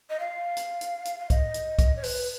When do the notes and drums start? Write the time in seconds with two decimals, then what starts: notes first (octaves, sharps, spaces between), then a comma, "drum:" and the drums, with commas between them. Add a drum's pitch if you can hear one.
0.10 D#5
0.20 F5
0.57 drum: hi-hat
0.81 drum: hi-hat
1.05 drum: hi-hat
1.20 F5
1.30 D#5, drum: kick, hi-hat
1.54 drum: hi-hat
1.79 drum: kick, hi-hat
1.96 C#5
2.03 B4, drum: open hi-hat